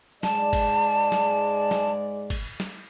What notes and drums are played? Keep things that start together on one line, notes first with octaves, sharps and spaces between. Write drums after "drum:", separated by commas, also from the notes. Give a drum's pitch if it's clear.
G#2 G#3 D5 A5, drum: snare
drum: kick, cymbal
drum: snare
drum: snare
drum: kick, cymbal
drum: snare